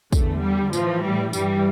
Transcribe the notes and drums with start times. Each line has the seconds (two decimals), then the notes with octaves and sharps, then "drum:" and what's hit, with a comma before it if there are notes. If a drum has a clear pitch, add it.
0.13 E2 D3 A3, drum: kick, tambourine
0.43 G3
0.73 A2 E3 F3, drum: tambourine
1.03 G3
1.33 G2 E3 G3, drum: tambourine